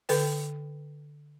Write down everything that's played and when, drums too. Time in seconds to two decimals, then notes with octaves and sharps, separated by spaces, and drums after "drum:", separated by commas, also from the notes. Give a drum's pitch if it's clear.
0.09 D3 A4 B4 G5, drum: open hi-hat